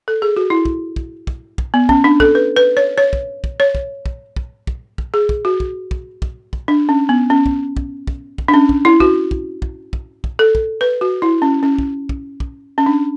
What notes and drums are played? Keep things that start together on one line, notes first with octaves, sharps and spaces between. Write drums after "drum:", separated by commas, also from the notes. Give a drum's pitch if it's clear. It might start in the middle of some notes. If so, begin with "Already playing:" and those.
A4
G#4
F#4
E4
drum: kick
drum: kick
drum: kick
drum: kick
B3
C#4, drum: kick
D4
A4, drum: kick
B4
B4
C#5
C#5
drum: kick
drum: kick
C#5
drum: kick
drum: kick
drum: kick
drum: kick
drum: kick
G#4
drum: kick
F#4
drum: kick
drum: kick
drum: kick
drum: kick
D4
C#4
B3
C#4
drum: kick
drum: kick
drum: kick
drum: kick
D4
C#4
drum: kick
E4
F#4, drum: kick
drum: kick
drum: kick
drum: kick
drum: kick
A4
drum: kick
B4
F#4
E4
C#4
C#4
drum: kick
drum: kick
drum: kick
C#4
D4